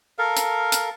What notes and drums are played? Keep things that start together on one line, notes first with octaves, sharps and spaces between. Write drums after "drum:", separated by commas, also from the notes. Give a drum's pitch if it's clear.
A4 A#4 F5
drum: hi-hat
drum: hi-hat